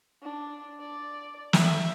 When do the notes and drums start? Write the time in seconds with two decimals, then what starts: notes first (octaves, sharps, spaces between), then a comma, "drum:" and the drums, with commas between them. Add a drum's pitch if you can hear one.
0.23 D4
0.80 D5
1.53 E5, drum: snare